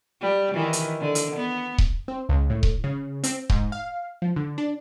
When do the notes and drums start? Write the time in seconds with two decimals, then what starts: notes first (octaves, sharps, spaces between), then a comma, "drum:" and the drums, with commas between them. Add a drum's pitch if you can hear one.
0.21 G3
0.54 D#3 E3
0.73 drum: hi-hat
1.00 D3
1.15 drum: hi-hat
1.36 B3
1.78 drum: kick D#1
2.08 C4
2.29 C#2
2.50 A2
2.63 drum: kick D#1
2.84 C#3
3.24 C4, drum: hi-hat
3.50 G#2, drum: kick D#1
3.72 F5
4.22 F3
4.36 D3
4.58 D4